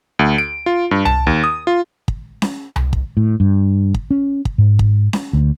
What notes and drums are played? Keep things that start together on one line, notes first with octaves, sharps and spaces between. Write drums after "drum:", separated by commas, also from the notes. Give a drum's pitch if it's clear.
D2
D7
F4
G2
A5, drum: tom C2
D#2
D#6
F4
drum: kick
drum: snare C#4
drum: tom C2
drum: kick
A2
G2
drum: kick
C#4
drum: kick
G#2
drum: kick
drum: snare C#4
D2